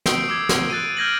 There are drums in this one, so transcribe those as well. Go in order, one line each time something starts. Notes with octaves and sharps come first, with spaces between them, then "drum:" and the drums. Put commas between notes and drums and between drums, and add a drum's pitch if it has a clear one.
D#6 E6 G6 C7 D7, drum: snare
D6 E6 G#6
drum: snare
F#6 A6 D7 D#7
F6 G6 G#6 A#6 D7 F#7